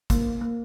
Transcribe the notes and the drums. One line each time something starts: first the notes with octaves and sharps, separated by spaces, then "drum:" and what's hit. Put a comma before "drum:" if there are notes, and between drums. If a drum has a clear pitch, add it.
A#3, drum: kick, hi-hat
A#3